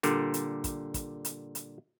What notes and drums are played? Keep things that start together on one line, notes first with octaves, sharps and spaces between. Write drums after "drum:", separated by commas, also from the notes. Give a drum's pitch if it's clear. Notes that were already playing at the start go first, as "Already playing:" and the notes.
A#2 D3 G3, drum: hi-hat
drum: hi-hat
drum: kick, hi-hat
drum: kick, hi-hat
drum: hi-hat
drum: hi-hat